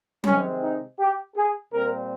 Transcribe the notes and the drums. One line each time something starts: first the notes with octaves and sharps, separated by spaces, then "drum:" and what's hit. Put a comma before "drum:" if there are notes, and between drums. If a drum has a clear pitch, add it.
C3 D#3 G#3 C4 C#4, drum: tom F#3
D#4
G4
G#4
A#2 G3 C4 A#4